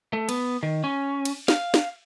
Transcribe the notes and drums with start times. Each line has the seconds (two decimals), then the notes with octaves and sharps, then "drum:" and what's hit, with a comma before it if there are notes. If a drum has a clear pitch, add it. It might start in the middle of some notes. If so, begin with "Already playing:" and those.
0.13 A3
0.29 B3, drum: cymbal
0.63 D#3
0.84 C#4
1.25 drum: cymbal
1.48 F5, drum: snare
1.74 drum: snare